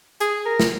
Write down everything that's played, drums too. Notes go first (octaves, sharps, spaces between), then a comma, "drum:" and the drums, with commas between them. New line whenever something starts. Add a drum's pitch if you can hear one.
G#4, drum: hi-hat
A#4
drum: snare